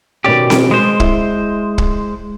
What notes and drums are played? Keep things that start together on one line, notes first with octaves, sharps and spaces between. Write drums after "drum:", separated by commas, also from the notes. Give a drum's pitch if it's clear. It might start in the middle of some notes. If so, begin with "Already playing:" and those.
B2 D#3 C#4 G4 D5
drum: snare C4
G#3 C5
E4, drum: kick
drum: kick